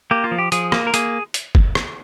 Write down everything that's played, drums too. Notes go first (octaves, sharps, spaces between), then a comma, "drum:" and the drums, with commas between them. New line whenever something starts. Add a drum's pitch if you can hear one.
A#3 G4
F4
F3
G4
F3 G#4, drum: hi-hat
A#3, drum: rim click
A#4
A#3 G#4, drum: hi-hat
drum: hi-hat
drum: kick F#1
drum: rim click